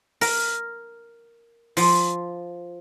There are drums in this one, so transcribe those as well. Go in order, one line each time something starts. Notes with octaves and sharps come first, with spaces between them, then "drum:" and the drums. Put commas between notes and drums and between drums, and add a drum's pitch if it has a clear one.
A#4, drum: open hi-hat
F3, drum: open hi-hat